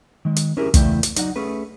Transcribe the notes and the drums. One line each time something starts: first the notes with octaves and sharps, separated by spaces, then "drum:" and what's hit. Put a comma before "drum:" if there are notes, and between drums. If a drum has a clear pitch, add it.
D#3 G#3
drum: hi-hat
C#4 E4 G4 G#4 A#4
E2 C#3 A3 E4 D5 G5, drum: kick, hi-hat
drum: hi-hat
F#3 D#4 D5 F#5, drum: hi-hat
A3 C#4 G#4 B4